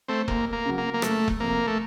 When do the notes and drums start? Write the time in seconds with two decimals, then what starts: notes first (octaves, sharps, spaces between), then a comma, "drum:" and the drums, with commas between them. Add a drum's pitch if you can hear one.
0.08 A3 C4
0.28 D#2 A#3, drum: kick E1
0.53 A#3
0.66 C#3 F#3
0.78 A#3
0.94 A#3
1.02 F#1 A3, drum: rim click
1.28 drum: kick E1
1.40 F2 C3 A#3
1.67 A3